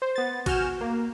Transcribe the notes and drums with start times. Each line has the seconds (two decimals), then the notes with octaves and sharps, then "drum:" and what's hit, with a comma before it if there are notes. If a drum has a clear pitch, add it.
0.02 C5
0.16 B3 A6
0.46 F#4 G#5 F6 G6 E7, drum: kick A1, cymbal
0.81 A#3